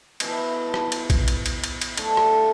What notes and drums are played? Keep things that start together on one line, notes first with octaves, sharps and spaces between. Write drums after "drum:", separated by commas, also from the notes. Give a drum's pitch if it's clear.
B2 E3 F3 B3, drum: cymbal
F4 A5
drum: rim click
drum: cymbal
drum: kick, cymbal
drum: cymbal
drum: cymbal
drum: cymbal
drum: cymbal
D3 F3 A3 G5, drum: cymbal
drum: rim click
F5